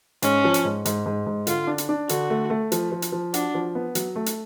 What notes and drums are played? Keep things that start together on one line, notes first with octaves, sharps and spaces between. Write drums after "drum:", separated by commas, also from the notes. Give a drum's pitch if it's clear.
G#2 C#4, drum: hi-hat
F3
drum: hi-hat
G#2
G#2, drum: hi-hat
G#2
G#2
D3 F4, drum: hi-hat
D4
drum: hi-hat
D4
D3 F#4, drum: hi-hat
A3
A3
F3, drum: hi-hat
F3
drum: hi-hat
F3
D4 F#4, drum: hi-hat
F3
B3
F#3, drum: hi-hat
A3
drum: hi-hat